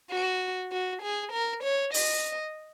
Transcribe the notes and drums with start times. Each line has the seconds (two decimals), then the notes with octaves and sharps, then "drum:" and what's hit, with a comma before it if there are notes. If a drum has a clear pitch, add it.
0.10 F#4
0.72 F#4
1.02 G#4
1.32 A#4
1.63 C#5
1.94 D#5, drum: open hi-hat